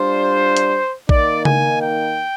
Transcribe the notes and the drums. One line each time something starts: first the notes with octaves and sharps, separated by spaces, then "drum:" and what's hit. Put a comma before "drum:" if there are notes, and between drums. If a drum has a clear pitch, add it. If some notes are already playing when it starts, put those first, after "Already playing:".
Already playing: G3 D4 F4 C5
drum: hi-hat
D#3 A#3 D#4 D5, drum: kick
G#5, drum: tom C#3
G5